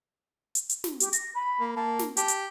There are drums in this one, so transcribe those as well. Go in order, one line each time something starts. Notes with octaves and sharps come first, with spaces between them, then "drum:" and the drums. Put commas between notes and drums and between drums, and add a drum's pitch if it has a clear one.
drum: hi-hat
drum: hi-hat
drum: snare
G4, drum: hi-hat
A#6, drum: hi-hat
B5
A#3
A#3 A5
drum: snare
G4 A5, drum: hi-hat
drum: hi-hat